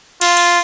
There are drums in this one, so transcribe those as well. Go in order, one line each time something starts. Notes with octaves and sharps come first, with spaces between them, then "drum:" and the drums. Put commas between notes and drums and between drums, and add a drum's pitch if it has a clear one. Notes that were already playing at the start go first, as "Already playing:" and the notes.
F4, drum: cymbal
drum: cymbal